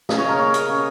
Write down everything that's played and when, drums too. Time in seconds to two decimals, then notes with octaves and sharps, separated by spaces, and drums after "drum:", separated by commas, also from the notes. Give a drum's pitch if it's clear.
0.09 C#3 D#5, drum: snare
0.18 C#5
0.24 C#3 A#4
0.38 A#3 C#5
0.54 A#3, drum: hi-hat
0.69 C#3